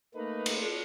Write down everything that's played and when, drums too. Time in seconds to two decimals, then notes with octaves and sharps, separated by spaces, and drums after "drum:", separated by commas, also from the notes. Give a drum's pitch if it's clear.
0.15 A3 A#3 D#4 B4
0.46 drum: cymbal